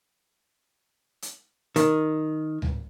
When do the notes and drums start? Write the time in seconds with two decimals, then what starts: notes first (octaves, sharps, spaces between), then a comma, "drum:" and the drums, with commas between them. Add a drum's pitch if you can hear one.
1.22 drum: hi-hat
1.76 D#3, drum: hi-hat
2.62 drum: tom C#2